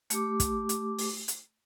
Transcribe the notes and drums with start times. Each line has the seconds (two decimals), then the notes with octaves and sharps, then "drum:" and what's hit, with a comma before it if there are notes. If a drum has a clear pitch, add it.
0.10 A3 G4 D6, drum: hi-hat
0.40 drum: kick, hi-hat
0.69 drum: hi-hat
0.99 drum: open hi-hat
1.28 drum: hi-hat